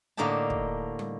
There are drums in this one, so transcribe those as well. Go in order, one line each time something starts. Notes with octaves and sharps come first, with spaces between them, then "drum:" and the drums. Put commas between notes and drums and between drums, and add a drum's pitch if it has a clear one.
A2 D3 A#3 D#4 G4 A5
drum: kick
drum: tom